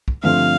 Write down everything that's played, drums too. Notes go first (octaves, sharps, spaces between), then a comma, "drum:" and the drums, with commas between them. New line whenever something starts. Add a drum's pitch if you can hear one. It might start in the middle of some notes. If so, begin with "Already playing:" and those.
drum: kick
G2 D3 F3 A3 C4 F5